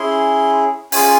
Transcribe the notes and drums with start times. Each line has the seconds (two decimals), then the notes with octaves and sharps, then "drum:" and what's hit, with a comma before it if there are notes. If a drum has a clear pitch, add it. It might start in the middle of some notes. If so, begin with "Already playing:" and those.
Already playing: C#4 E4 G#4 C6
0.92 C#4 F4 G#4 G#5, drum: open hi-hat